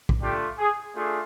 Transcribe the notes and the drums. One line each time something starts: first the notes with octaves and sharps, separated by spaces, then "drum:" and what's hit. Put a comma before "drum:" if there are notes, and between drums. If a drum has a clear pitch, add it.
drum: kick
A3 D4 F4 G4
G#4
A3 D4 F4 G#4